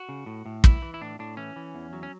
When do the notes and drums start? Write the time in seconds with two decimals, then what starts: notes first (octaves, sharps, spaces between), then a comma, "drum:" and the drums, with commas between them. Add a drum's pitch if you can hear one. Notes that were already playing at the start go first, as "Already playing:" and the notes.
Already playing: F#4
0.09 C#3
0.26 A2
0.46 A2
0.64 E3 E4, drum: kick
0.82 E3
0.94 E4
1.01 A2 D4
1.19 A2 D4
1.37 E3 C#4
1.56 E3
1.75 E2
1.93 F#3
2.03 C#4